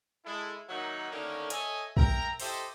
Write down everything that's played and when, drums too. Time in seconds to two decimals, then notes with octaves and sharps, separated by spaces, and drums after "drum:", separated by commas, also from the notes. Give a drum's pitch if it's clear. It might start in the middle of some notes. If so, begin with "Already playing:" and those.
0.25 G#3 E4 A4
0.69 D#3 F#3 A#3 D#4 E5 F#5
1.11 D3 D#3 A3 A#3 C#4
1.50 A4 C#5 D#5 E5 G#5, drum: hi-hat
1.97 A#4 E5 G5 A#5, drum: kick
2.40 E4 G4 A4 C5 D#5 E5, drum: open hi-hat